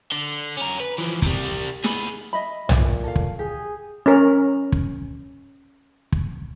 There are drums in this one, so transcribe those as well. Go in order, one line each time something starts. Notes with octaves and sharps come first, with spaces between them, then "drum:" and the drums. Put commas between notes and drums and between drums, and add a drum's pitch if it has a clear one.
D3
C#4 A#4
B4
E3 F3
C3 G3, drum: kick
drum: hi-hat
G#4 B4, drum: snare
D#5 E5 B5
A#2, drum: tom B1
A4 F5
drum: kick
G4 G#4
C#4 A#4
drum: kick
drum: kick